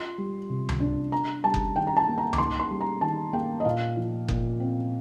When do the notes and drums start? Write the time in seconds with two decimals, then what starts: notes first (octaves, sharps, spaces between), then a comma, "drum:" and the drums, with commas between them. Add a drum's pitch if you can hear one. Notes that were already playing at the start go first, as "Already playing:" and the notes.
Already playing: F4 C6
0.18 G3
0.50 C3
0.69 drum: tom C#2
0.80 D4
1.12 D4 A#5
1.44 G3 A5
1.54 drum: kick F#1
1.76 D#3 G5
1.87 A#5
1.97 A5
2.08 A#3
2.18 A#5
2.33 D6, drum: tom C#2
2.38 D#4 C6
2.60 C6
2.71 G3
2.81 A#5
3.01 D#3 A5
3.33 A#3 G5
3.60 D#5
3.65 A#2 F5
3.97 F3
4.28 A#2, drum: kick F#1
4.60 C4